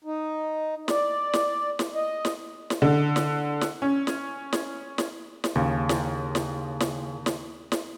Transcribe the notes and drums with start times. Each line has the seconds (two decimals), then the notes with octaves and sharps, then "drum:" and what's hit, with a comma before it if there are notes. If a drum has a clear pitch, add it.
0.04 D#4
0.88 D5, drum: snare
1.33 drum: snare
1.79 drum: snare
1.94 D#5
2.25 drum: snare
2.70 drum: snare
2.82 D3
3.16 drum: snare
3.61 drum: snare
3.82 C#4
4.07 drum: snare
4.53 drum: snare
4.98 drum: snare
5.44 drum: snare
5.55 D#2 C#3
5.89 drum: snare
6.35 drum: snare
6.80 drum: snare
7.26 drum: snare
7.72 drum: snare